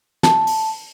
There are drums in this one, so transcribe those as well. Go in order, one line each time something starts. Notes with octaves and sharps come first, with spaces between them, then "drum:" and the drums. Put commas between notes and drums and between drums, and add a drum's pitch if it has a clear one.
A5, drum: snare
drum: open hi-hat